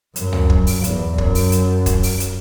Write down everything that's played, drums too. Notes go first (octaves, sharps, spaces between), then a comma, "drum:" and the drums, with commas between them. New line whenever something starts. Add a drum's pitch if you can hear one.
F#2, drum: hi-hat
drum: tom C#2
drum: kick
drum: open hi-hat
E2, drum: hi-hat
F#2, drum: kick
drum: open hi-hat
drum: hi-hat
drum: kick, hi-hat
drum: open hi-hat
drum: hi-hat